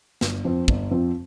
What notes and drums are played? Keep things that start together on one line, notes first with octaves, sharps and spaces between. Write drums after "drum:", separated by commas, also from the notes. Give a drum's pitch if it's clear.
G1, drum: snare
F2 F3 C4
G1, drum: kick
F2 F3 C4